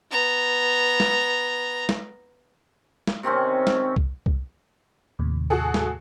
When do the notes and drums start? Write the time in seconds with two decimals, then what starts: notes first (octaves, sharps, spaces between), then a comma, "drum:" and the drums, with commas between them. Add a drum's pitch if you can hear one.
0.11 B3 A#5
1.00 drum: snare
1.89 drum: snare
3.07 drum: snare
3.23 C3 D#3 C4 C#4
3.67 drum: snare
3.96 drum: kick C2
4.26 drum: kick C2
5.19 D#2 A2 C3
5.50 F#4 G#4 A4
5.74 drum: snare